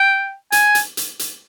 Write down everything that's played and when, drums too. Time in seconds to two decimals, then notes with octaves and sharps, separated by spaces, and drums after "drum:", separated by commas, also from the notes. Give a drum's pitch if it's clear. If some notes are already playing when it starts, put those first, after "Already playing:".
Already playing: G5
0.52 G#5, drum: hi-hat
0.75 drum: hi-hat
0.97 drum: hi-hat
1.19 drum: hi-hat